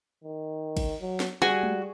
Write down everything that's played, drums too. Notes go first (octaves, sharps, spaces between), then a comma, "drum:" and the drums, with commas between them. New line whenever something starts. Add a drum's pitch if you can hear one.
D#3
drum: kick, cymbal
F#3
drum: snare
G3 F#4 G#4 G#5
drum: tom G#3